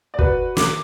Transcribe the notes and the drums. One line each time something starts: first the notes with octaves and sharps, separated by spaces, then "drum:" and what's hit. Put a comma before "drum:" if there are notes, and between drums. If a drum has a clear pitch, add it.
D5
F#4 B4, drum: kick
D6, drum: snare